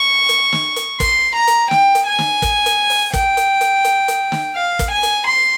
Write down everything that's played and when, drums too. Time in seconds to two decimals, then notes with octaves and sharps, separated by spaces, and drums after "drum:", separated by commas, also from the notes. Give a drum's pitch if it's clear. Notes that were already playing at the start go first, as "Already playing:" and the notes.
Already playing: C#6
0.29 drum: hi-hat
0.53 drum: snare
0.76 drum: hi-hat
1.00 C6, drum: kick, hi-hat
1.35 A#5
1.47 drum: hi-hat
1.71 G5, drum: snare
1.95 drum: hi-hat
2.06 G#5
2.18 drum: snare
2.42 drum: kick, hi-hat
2.66 drum: hi-hat
2.90 drum: open hi-hat
3.13 G5, drum: kick, hi-hat
3.37 drum: hi-hat
3.61 drum: hi-hat
3.84 drum: hi-hat
4.08 drum: hi-hat
4.32 drum: snare
4.56 F5
4.79 drum: kick, hi-hat
4.91 G#5
5.03 drum: hi-hat
5.27 C6